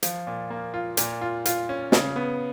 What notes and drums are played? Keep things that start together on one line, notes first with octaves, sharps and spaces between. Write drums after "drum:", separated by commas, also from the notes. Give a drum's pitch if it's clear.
F3, drum: hi-hat
A#2
A#3
F4
A#2, drum: hi-hat
F4
F4, drum: hi-hat
C#4
C#3, drum: snare
B3